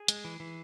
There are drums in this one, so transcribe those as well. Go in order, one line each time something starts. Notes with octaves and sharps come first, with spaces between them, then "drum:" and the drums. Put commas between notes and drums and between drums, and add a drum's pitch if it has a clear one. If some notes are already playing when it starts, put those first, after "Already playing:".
Already playing: G#4
G#3, drum: hi-hat
E3
E3